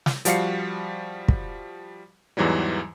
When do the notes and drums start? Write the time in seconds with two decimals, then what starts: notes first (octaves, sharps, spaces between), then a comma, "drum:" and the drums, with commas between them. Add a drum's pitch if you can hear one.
0.06 drum: snare
0.25 F3 G3 F#4 F5 C7 C#7, drum: hi-hat
1.28 drum: kick
2.37 E2 G#2 E3 F#3 G3